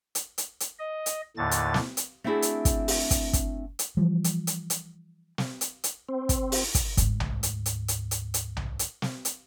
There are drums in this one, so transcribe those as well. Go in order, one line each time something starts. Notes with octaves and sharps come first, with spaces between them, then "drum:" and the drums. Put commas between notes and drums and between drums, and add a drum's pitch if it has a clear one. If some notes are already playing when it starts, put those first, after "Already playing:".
drum: hi-hat
drum: hi-hat
drum: hi-hat
D#5
drum: hi-hat
D#2 A2 D3 A6
drum: hi-hat
drum: snare
drum: hi-hat
A3 C4 D4 E4 F#4 G#4
drum: hi-hat
drum: kick, hi-hat
drum: open hi-hat
drum: kick, hi-hat
drum: kick, hi-hat
drum: hi-hat
E3 F3 G3
drum: hi-hat
drum: hi-hat
drum: hi-hat
drum: snare
drum: hi-hat
drum: hi-hat
C4
drum: kick, hi-hat
drum: open hi-hat
drum: kick, hi-hat
D2 G#2, drum: kick, hi-hat
drum: tom B1
drum: hi-hat
drum: hi-hat
drum: hi-hat
drum: hi-hat
drum: hi-hat
drum: tom B1
drum: hi-hat
drum: snare
drum: hi-hat